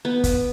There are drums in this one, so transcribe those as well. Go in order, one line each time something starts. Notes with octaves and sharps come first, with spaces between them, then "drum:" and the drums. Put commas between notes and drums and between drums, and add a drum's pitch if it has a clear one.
B3
drum: kick, hi-hat